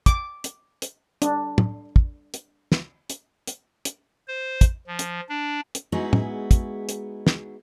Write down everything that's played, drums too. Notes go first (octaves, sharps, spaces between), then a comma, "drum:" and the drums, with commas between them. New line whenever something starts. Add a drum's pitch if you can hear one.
D6, drum: kick, hi-hat
drum: hi-hat
drum: hi-hat
D4, drum: hi-hat
drum: tom
drum: kick
drum: hi-hat
drum: snare
drum: hi-hat
drum: hi-hat
drum: hi-hat
C5
drum: kick, hi-hat
F3
drum: hi-hat
D4
drum: hi-hat
G#3 B3 D#4 E4 F#4 G#4
drum: tom
drum: kick, hi-hat
drum: hi-hat
drum: snare